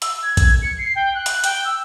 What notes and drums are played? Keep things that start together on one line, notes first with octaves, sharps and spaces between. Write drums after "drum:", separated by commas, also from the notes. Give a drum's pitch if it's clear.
E6, drum: hi-hat
G#6
drum: kick, hi-hat
C#7
C7
G5
F#6
drum: hi-hat
G5, drum: hi-hat
E6